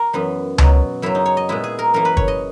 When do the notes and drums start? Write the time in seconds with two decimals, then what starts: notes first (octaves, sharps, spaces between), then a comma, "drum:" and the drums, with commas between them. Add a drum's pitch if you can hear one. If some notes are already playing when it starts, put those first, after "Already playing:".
Already playing: A#4
0.13 F#2 E3 B3
0.58 B2 F#3 B3, drum: tom C#2
1.02 F#2 C#3 F#3 E4
1.15 D#4
1.26 C#5
1.37 D#5
1.49 A#2 G#3 B3 E4
1.64 G#4
1.79 A#4
1.94 F#2 E3 A#3 A#4
2.05 B4
2.17 C#5, drum: kick
2.28 D#5